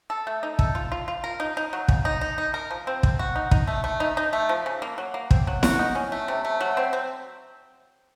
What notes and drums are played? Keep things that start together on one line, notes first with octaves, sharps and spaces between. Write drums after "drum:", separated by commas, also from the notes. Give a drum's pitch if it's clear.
A4
A3
D#4
A4, drum: kick
F4
F4
F4
A#4
D#4
D#4
F#3
C#3, drum: kick
D#4
D#4
D#4
A#4
F3
C4
C4, drum: kick
F#4
D#4
D#4, drum: kick
A3
A3
D#4
D#4
A3
F3
C#3
A#3
F#3
A#3
C4, drum: kick
F#3
F#4, drum: snare E4
D#4
C#4
A3
C3
A3
F#3
C4
C4